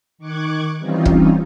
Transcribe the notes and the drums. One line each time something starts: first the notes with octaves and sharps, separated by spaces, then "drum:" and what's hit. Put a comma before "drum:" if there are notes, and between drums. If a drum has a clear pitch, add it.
D#3 C#6 D6 F#6 G#6
E3 G3 C4 C#4 D#4 F4
drum: kick